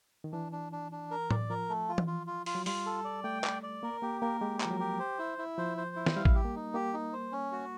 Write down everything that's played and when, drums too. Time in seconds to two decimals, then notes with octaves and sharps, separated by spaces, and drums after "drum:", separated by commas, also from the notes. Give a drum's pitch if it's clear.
0.24 D#3
0.32 E3 D4
0.52 D4
0.72 D4
0.92 D4
1.11 A#4
1.31 D5, drum: tom A2
1.50 F3 A#4
1.69 A3
1.89 F4
1.98 drum: tom E3
2.07 F4
2.27 F4
2.46 F4, drum: open hi-hat
2.55 F#3
2.66 G3 F4, drum: open hi-hat
2.86 A4
3.05 D5
3.24 A3 G5
3.44 D5, drum: clap
3.63 D5
3.83 A#3 A#4
4.02 A#3 G4
4.21 A#3 A#4
4.41 G#3 G4
4.61 F3 A#4, drum: clap
4.71 F#3
4.80 G4
4.99 C5
5.19 E4
5.38 E4
5.58 F3 C5
5.77 C5
5.96 E4
6.06 drum: snare
6.16 G3 F5
6.25 drum: kick A1
6.35 G4
6.45 A#3
6.56 D#4
6.74 A#3 G4
6.94 D#4
7.13 C5
7.32 C#4
7.52 F#4